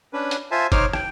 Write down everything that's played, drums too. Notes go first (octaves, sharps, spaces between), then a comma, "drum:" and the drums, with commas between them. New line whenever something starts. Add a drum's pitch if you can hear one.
C#4 D4 B4
drum: hi-hat
F4 C5 E5 G#5 A5
D#4 C5 C#5 D6 F6, drum: kick, hi-hat
G5, drum: rim click